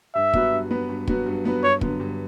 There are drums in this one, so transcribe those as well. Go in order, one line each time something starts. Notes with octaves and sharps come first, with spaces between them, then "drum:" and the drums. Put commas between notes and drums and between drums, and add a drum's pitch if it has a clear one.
G2 E5
F#3 B3 F#4 B4, drum: kick
G2
F#3 B3 F#4 B4
G2
F#3 B3 F#4 B4, drum: kick
G2
F#3 B3 F#4 B4
G2 C#5
D3 F#3 B3, drum: kick
G2